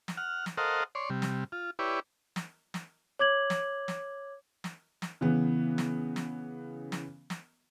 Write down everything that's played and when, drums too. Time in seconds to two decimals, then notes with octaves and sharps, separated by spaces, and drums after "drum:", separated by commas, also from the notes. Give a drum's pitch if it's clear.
0.08 drum: snare
0.17 F#5 F6
0.46 drum: snare
0.58 A4 A#4 C5 D#5 F5 F#5
0.95 C#5 D5 C6
1.10 C3 G3
1.22 drum: snare
1.52 F4
1.79 E4 G4 B4 C#5 D5
2.36 drum: snare
2.74 drum: snare
3.19 C#5 D6 G#6 F#7
3.50 drum: snare
3.88 drum: snare
4.64 drum: snare
5.02 drum: snare
5.21 C#3 E3 B3
5.78 drum: snare
6.16 drum: snare
6.92 drum: snare
7.30 drum: snare